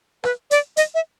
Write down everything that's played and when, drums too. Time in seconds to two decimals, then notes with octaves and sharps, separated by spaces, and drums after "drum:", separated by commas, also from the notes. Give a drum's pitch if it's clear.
0.24 B4, drum: rim click
0.51 D5, drum: hi-hat
0.77 D#5, drum: hi-hat
0.94 E5